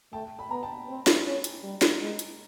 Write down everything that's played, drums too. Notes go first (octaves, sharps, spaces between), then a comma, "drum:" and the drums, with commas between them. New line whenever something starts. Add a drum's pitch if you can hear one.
A3 G5 A5
B5
B3 A#5
G5 A5
C4
drum: snare
C#4
drum: hi-hat
G3
drum: snare
G#3
drum: hi-hat